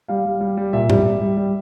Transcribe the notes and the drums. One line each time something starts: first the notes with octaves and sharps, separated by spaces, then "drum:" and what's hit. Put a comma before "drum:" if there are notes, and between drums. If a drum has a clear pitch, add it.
G3 F5
G3
G3
G3
A#2 E5
G3, drum: tom G#2
G3
G3
G3